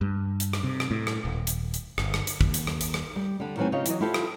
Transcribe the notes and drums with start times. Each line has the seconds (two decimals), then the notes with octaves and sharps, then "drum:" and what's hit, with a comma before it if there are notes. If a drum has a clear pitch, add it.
0.01 G2
0.40 drum: hi-hat
0.53 drum: rim click
0.64 C3
0.80 drum: rim click
0.91 A2
1.07 drum: rim click
1.25 D#1
1.47 drum: hi-hat
1.74 drum: hi-hat
1.98 G1, drum: rim click
2.14 drum: rim click
2.27 drum: hi-hat
2.41 D#2, drum: kick
2.54 drum: hi-hat
2.67 drum: rim click
2.81 drum: hi-hat
2.94 drum: rim click
3.16 G3
3.40 D3 G3
3.57 D#3 E3 F#3 A3 C4 G#5
3.72 C#3 D#4 F4 G4 C#5 D#5
3.86 E3 F#3 D#5, drum: hi-hat
4.01 E4 F4 G4 A4 C5
4.14 drum: rim click